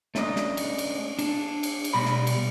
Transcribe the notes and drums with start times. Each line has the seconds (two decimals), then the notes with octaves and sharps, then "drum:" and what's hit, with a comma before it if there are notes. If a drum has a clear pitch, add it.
0.15 A3 C#4 D4 D#5, drum: snare
0.36 drum: snare
0.57 drum: cymbal
0.78 drum: cymbal
1.19 D4, drum: cymbal
1.63 drum: cymbal
1.84 drum: cymbal
1.94 B2 G3 B5
2.06 drum: snare
2.27 drum: cymbal